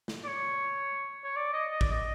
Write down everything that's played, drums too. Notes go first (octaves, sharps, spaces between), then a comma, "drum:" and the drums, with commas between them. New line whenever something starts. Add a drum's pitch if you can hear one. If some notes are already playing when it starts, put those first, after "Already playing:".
drum: snare
D5
C#5
C#5
D5
D#5
D#5
D5, drum: kick
D#5